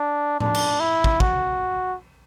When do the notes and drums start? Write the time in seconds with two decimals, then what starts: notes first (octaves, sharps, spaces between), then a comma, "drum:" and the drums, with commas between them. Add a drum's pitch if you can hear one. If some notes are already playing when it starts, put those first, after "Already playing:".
Already playing: D4
0.40 D4, drum: tom A2
0.55 drum: cymbal
0.80 E4
1.04 drum: kick
1.20 F#4, drum: kick